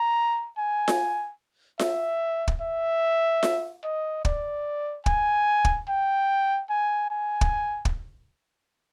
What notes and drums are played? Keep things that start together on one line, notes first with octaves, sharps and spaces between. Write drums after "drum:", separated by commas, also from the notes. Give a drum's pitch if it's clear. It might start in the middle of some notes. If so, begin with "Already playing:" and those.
Already playing: A#5
G#5
drum: snare F4
E5, drum: snare F4
drum: kick
E5
drum: snare F4
D#5
D5, drum: kick
G#5, drum: kick
drum: kick
G5
G#5
G#5
drum: kick
drum: kick